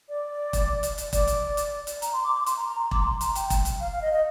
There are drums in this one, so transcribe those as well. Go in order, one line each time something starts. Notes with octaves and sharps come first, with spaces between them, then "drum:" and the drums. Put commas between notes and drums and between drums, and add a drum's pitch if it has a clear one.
D5
drum: kick E1, hi-hat
drum: hi-hat
drum: hi-hat
D5, drum: kick E1, hi-hat
drum: hi-hat
drum: hi-hat
drum: hi-hat
A#5, drum: hi-hat
C6
D6
C6
D6
C6, drum: hi-hat
A#5
A#5
C6
D6, drum: kick E1
A#5
C6
A#5, drum: hi-hat
G5, drum: hi-hat
drum: kick E1, hi-hat
drum: hi-hat
F5
F5
D#5
D#5